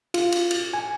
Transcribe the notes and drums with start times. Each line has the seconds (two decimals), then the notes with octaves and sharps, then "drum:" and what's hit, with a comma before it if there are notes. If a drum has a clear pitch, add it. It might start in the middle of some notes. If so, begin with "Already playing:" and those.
0.14 F4, drum: cymbal
0.32 drum: cymbal
0.51 drum: cymbal
0.74 G#5